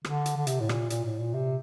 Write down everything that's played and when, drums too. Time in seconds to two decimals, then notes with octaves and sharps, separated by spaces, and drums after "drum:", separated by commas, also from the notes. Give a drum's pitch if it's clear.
0.05 D3, drum: rim click
0.26 drum: hi-hat
0.37 D3
0.47 C3, drum: hi-hat
0.60 A2
0.69 A#2, drum: rim click
0.90 A#2, drum: hi-hat
1.05 A2
1.19 A#2
1.34 C3